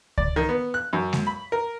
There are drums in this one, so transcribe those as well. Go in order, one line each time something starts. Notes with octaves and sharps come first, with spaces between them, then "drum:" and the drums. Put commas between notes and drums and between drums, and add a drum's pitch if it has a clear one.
D5, drum: kick C#2
D#3
B3
F#6
F#2
drum: snare G#3
B5
A#4